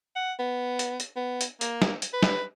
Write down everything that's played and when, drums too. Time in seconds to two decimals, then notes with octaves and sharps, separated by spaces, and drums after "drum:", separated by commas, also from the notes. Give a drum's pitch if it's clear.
0.16 F#5
0.39 B3
0.79 drum: hi-hat
1.00 drum: hi-hat
1.17 B3
1.41 drum: hi-hat
1.61 A#3, drum: hi-hat
1.82 drum: snare
2.02 drum: hi-hat
2.13 B4
2.23 drum: snare